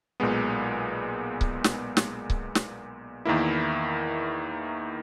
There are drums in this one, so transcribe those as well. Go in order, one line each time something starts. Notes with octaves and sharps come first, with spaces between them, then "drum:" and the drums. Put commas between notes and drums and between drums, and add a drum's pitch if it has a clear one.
B1 A#2 G#3 B3
drum: kick C#1
drum: snare
drum: snare
drum: kick C#1
drum: snare
E2 D#3 A#3 E4